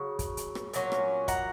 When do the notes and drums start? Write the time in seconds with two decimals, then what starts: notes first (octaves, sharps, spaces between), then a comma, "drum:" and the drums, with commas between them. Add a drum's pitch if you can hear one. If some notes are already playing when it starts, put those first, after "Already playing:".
Already playing: C#3 F#3
0.19 drum: kick, hi-hat
0.37 drum: hi-hat
0.55 drum: rim click
0.73 A#2 F#3 C#4, drum: hi-hat
0.92 drum: rim click
1.28 F#5 A#5, drum: kick, hi-hat